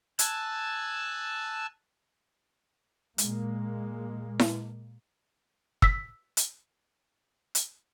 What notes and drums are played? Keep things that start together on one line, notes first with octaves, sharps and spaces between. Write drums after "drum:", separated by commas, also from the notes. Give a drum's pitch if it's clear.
G#5 A5 E6 F#6 G#6, drum: hi-hat
A#2 G#3 A#3, drum: hi-hat
drum: snare E4
E6 B6, drum: kick
drum: hi-hat
drum: hi-hat